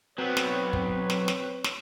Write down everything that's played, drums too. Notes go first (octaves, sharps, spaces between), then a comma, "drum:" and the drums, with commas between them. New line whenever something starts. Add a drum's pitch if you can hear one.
F#3 B3 C4 B4 C#5
drum: snare
drum: kick
drum: snare
drum: snare
drum: snare